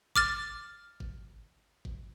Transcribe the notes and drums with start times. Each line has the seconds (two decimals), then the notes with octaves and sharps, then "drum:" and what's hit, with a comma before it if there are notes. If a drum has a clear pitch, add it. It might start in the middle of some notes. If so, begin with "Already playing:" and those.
0.16 D6 F6 A6, drum: kick G#1
1.00 drum: kick G#1
1.85 drum: kick G#1